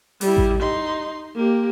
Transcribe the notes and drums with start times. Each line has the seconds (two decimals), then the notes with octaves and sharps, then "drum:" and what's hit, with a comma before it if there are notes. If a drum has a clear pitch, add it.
0.21 G3 E4, drum: open hi-hat
0.37 drum: kick A1
0.58 D#4 C6
1.36 A#3 G4